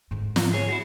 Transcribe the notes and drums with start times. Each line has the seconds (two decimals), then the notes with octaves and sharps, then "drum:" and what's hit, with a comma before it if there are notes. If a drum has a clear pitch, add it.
0.11 G#2 D3
0.36 drum: snare
0.53 G#4 C#5
0.69 E4 F#4